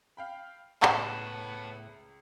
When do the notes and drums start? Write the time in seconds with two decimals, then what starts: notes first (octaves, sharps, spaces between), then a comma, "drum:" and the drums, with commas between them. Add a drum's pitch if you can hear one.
0.17 F5 G5 B5
0.83 C#2 A2 B3 C#5 A5, drum: clap